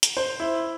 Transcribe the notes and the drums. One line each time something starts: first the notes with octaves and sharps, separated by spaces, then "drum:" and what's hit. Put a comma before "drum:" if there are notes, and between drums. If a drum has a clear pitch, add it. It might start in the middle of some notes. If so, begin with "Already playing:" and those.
drum: hi-hat
C5
E4